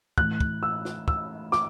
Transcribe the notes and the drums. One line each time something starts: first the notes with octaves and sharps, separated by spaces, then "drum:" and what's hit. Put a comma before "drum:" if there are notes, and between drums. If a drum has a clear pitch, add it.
A2 E3 F#6, drum: kick
drum: kick
E6
drum: snare
E6, drum: kick
D6, drum: snare